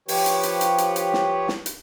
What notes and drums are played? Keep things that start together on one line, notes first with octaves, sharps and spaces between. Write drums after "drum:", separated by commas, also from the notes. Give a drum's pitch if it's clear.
F3 G4 B4 C#5, drum: open hi-hat
drum: hi-hat
drum: hi-hat
drum: hi-hat
drum: hi-hat
drum: hi-hat
drum: snare
drum: snare
drum: hi-hat